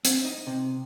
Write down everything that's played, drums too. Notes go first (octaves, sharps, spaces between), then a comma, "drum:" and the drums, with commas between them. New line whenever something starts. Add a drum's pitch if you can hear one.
C4, drum: hi-hat
D#4
C3